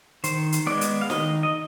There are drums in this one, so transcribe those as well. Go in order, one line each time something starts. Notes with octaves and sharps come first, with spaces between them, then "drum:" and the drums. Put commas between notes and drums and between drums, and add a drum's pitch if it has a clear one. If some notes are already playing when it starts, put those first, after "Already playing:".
D#3 C5, drum: hi-hat
drum: hi-hat
G#3 B3 D5
drum: hi-hat
F5
D#3 D#5, drum: snare
D#5